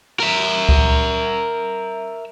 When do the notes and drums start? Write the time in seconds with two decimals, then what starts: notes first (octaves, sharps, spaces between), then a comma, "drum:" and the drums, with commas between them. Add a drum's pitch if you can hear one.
0.20 A#4 E5
0.69 drum: kick C#2